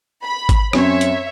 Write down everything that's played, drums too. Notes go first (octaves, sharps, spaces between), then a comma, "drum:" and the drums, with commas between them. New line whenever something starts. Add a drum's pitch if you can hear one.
B5
drum: kick G#1, hi-hat
F#2 C4 C#4 C#5 E5, drum: rim click
drum: hi-hat